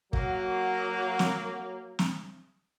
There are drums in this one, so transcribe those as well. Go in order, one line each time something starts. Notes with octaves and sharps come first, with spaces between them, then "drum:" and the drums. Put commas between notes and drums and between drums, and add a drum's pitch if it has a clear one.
F#3 A#3, drum: kick
drum: snare
drum: snare